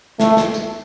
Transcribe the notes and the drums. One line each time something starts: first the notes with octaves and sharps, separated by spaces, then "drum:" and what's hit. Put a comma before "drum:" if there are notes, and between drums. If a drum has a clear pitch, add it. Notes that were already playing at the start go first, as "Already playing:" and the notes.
A3, drum: snare
drum: snare
drum: tambourine